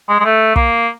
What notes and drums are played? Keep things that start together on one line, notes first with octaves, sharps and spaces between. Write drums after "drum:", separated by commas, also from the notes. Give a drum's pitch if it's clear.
G#3
G#3
A3
A#3, drum: kick